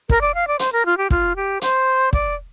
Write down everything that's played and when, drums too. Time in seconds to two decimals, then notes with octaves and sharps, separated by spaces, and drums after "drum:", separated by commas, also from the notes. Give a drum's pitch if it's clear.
0.09 A#4, drum: kick
0.21 D5
0.35 F5
0.48 D5
0.59 C5, drum: hi-hat
0.73 A#4
0.86 F4
0.98 G4
1.10 F4, drum: kick
1.36 G4
1.61 C5, drum: hi-hat
2.13 D5, drum: kick